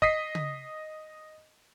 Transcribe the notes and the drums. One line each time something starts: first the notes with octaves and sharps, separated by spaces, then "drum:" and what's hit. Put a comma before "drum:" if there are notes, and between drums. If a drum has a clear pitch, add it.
D#5 D#6 B6 C7, drum: kick
drum: tom C#3